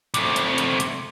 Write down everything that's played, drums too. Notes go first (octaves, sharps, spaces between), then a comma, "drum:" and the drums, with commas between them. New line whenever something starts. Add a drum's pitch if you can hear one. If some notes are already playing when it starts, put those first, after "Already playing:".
C3 A3, drum: hi-hat
drum: hi-hat
drum: hi-hat
drum: hi-hat